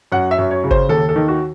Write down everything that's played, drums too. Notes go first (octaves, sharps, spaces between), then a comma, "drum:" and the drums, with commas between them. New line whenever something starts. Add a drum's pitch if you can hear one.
F#2 F#5
E5
F#2
C#5
C#3
C5, drum: kick G1
D#2 A4
A4
D#3
F#4